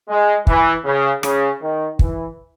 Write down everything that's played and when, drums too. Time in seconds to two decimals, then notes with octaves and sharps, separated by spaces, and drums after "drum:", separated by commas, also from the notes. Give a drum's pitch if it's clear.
0.08 G#3
0.47 E3, drum: kick
0.85 C#3
1.23 C#3, drum: rim click
1.61 D#3
1.99 E3, drum: kick